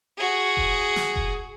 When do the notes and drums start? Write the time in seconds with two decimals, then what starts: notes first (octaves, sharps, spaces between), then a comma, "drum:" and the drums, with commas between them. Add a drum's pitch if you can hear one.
0.18 F#4 G#4
0.57 drum: kick F1
0.96 drum: snare
1.16 drum: kick F1